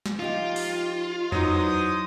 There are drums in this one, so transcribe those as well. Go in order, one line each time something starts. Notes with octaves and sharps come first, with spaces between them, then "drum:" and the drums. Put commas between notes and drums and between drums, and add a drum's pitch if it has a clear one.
drum: snare
F3 D#4 F4 G4
drum: open hi-hat
E3 F#3 D#4 C5 D#6, drum: tom E2